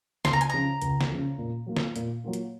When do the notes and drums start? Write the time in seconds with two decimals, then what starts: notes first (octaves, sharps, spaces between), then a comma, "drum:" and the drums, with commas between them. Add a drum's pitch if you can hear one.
0.25 C#2 C6, drum: snare
0.33 A#5
0.41 G#5, drum: hi-hat
0.50 C#3 F3 A#5
0.82 C#2, drum: hi-hat
1.01 drum: snare
1.11 C#3 F3
1.38 A#2
1.66 F#3 A#3 F4
1.76 drum: snare
1.96 A#2, drum: hi-hat
2.24 F#3 A#3 F4
2.33 drum: hi-hat